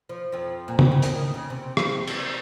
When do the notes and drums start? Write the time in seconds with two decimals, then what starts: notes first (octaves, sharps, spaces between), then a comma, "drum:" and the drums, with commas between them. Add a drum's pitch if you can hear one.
0.09 F3
0.32 F2 F3
0.68 A#2
0.79 C3, drum: tom
0.92 C#3
1.02 D#2 D#3, drum: hi-hat
1.34 C#3
1.50 C3
1.77 drum: rim click
2.07 drum: cymbal